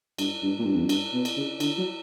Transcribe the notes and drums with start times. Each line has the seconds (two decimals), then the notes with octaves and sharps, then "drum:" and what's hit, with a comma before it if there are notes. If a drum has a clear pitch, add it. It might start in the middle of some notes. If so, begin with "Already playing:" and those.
0.18 G2, drum: cymbal
0.43 G2
0.59 A#2
0.66 G2
0.75 E2
0.83 F#2
0.89 G2, drum: cymbal
1.14 B2
1.25 drum: cymbal
1.37 C#3
1.60 D3, drum: cymbal
1.78 F#3